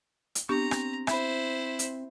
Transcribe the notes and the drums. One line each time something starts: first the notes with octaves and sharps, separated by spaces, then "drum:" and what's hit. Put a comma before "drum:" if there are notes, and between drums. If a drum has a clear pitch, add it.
drum: hi-hat
B3 C4 D4 G4 A#5 C#6
drum: rim click
E4 C5 E5 B5, drum: rim click
drum: hi-hat